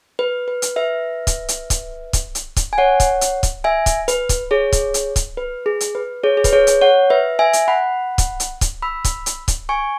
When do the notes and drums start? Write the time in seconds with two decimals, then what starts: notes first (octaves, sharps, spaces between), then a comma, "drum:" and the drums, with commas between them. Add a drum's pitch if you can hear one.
0.19 B4
0.48 B4
0.62 drum: hi-hat
0.76 B4 E5
1.27 drum: kick, hi-hat
1.48 drum: hi-hat
1.70 drum: kick, hi-hat
2.13 drum: kick, hi-hat
2.35 drum: hi-hat
2.56 drum: kick, hi-hat
2.73 G#5
2.78 C#5 F#5
3.00 drum: kick, hi-hat
3.21 drum: hi-hat
3.43 drum: kick, hi-hat
3.64 E5 G#5
3.86 drum: kick, hi-hat
4.08 B4, drum: hi-hat
4.29 drum: kick, hi-hat
4.51 G#4 C#5
4.72 drum: kick, hi-hat
4.94 drum: hi-hat
5.16 drum: kick, hi-hat
5.37 B4
5.66 G#4
5.80 drum: hi-hat
5.95 B4
6.24 G#4 C#5
6.37 G#4
6.44 B4, drum: kick, hi-hat
6.53 G#4 C#5
6.67 drum: hi-hat
6.81 C#5 F#5
7.10 B4 E5
7.39 E5 G#5
7.53 drum: hi-hat
7.68 F#5 B5
8.18 drum: kick, hi-hat
8.40 drum: hi-hat
8.61 drum: kick, hi-hat
8.82 B5 E6
9.04 drum: kick, hi-hat
9.26 drum: hi-hat
9.48 drum: kick, hi-hat
9.69 G#5 C#6